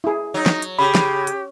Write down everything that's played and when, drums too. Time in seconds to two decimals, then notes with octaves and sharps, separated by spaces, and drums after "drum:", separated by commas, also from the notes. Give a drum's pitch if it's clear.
0.04 E4 G#4
0.34 F#3 D#4
0.46 drum: snare
0.62 drum: hi-hat
0.79 C#3 G4 B5
0.95 drum: snare
1.27 drum: hi-hat